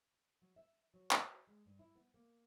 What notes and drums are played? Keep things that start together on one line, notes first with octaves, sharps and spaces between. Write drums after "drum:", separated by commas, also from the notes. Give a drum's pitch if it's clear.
F#3
E5
F#3
A2, drum: clap
F#4
G#3
G2
E4
B3
A#3